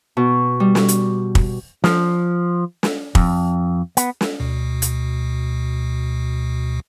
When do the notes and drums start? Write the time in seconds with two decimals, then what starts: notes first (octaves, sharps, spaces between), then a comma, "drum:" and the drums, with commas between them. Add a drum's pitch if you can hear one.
0.17 B2
0.60 G3
0.75 drum: snare
0.88 drum: hi-hat
1.35 drum: kick
1.84 F3, drum: snare
2.83 drum: snare
3.15 F2, drum: kick
3.97 B3, drum: hi-hat
4.21 drum: snare
4.40 D2 B2
4.82 drum: hi-hat